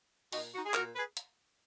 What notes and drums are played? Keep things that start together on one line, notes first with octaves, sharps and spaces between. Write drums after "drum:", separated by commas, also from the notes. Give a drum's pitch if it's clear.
A#2 D#4 F#4, drum: open hi-hat
D#4 F#4
G#4
A#2 F#4 A#4, drum: clap
G#4 B4
drum: hi-hat